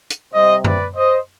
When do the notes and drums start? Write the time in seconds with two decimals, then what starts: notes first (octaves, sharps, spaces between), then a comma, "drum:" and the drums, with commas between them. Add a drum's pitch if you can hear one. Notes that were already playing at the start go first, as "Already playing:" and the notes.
0.10 drum: hi-hat
0.33 C3 G3 C5 D#5
0.64 B4 D5, drum: tom F#2
0.95 C5 D#5